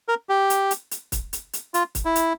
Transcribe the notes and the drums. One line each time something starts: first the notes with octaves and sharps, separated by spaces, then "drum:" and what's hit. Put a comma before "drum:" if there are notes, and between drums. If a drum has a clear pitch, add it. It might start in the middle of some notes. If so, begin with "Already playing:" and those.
A#4
G4
drum: hi-hat
drum: hi-hat
drum: hi-hat
drum: kick, hi-hat
drum: hi-hat
drum: hi-hat
F4, drum: hi-hat
drum: kick, hi-hat
E4
drum: hi-hat